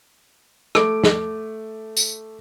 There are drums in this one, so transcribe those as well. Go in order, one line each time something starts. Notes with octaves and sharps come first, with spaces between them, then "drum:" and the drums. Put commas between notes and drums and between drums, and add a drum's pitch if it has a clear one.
A3 D6 D7, drum: rim click
drum: snare
drum: tambourine